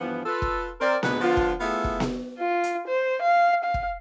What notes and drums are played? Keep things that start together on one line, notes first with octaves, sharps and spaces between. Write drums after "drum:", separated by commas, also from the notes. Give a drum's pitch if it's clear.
G2 E3 F3 B3
F4 A4 B4
drum: kick
C4 A#4 D5
D2 A#2 G#3 B3 B4, drum: snare B3
D3 F3 B3 F4
drum: kick
A3 B3 E4 F4 G#4 E5
drum: kick
drum: snare B3
F4
drum: hi-hat
C5
F5
F5
drum: kick